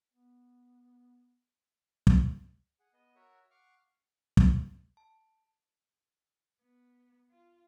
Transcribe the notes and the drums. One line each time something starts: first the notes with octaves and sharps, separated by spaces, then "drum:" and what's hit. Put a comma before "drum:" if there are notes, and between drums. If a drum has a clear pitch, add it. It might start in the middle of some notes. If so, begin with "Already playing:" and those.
B3
drum: kick
G#4 F#5
B3 D#5
F#4 A#4 C#5 E5 F#5
F5 F#5 C#6 D6 F6
drum: kick
A5
B3
F4